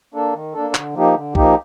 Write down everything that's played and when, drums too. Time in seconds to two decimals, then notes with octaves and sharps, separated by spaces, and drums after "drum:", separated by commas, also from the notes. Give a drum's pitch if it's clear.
0.14 A#3 D4 A4
0.34 D#3
0.54 A#3 D4 A4
0.74 D3, drum: clap
0.94 F3 A#3 D#4 G4
1.14 D3
1.35 F3 A#3 D#4 G4, drum: kick